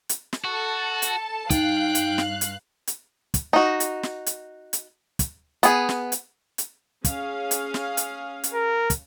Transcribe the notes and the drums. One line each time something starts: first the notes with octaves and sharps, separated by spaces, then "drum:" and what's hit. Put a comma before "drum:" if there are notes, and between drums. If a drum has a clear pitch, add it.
drum: hi-hat
drum: snare
F#4 A4 A5
drum: hi-hat
G2 D#4 F5 G5 F#6, drum: kick, hi-hat
drum: hi-hat
drum: snare
drum: hi-hat
drum: hi-hat
drum: kick, hi-hat
D#4 F#4
drum: hi-hat
drum: snare
drum: hi-hat
drum: hi-hat
drum: kick, hi-hat
B3 G#4, drum: hi-hat
drum: snare
drum: hi-hat
drum: hi-hat
C#4 G#4 F5, drum: kick, hi-hat
drum: hi-hat
drum: snare
drum: hi-hat
drum: hi-hat
A#4
drum: kick, hi-hat